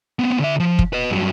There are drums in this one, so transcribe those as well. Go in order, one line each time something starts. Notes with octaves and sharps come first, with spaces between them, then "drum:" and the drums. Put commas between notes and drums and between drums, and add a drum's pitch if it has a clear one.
B3 C4
D3 E5
F3
drum: kick
B4 D#5
G2 F#3